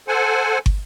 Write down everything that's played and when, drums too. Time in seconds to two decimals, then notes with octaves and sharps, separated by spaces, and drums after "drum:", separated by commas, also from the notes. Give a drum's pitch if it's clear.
0.08 A4 C5 F#5 G#5
0.66 drum: kick